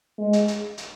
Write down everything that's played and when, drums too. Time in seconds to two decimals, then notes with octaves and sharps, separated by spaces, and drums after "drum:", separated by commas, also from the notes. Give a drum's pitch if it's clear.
0.18 G#3
0.33 drum: hi-hat
0.48 drum: hi-hat
0.78 drum: hi-hat